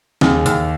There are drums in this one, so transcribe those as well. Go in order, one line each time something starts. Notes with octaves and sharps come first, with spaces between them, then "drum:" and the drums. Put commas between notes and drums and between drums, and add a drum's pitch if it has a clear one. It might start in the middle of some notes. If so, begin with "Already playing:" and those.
D#2 G#4, drum: snare
D#2, drum: hi-hat